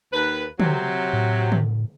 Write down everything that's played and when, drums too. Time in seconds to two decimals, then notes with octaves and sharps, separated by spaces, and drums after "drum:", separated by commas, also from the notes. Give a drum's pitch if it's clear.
0.13 D#2 B4
0.60 C3 F#3, drum: tom
1.13 A2
1.52 drum: tom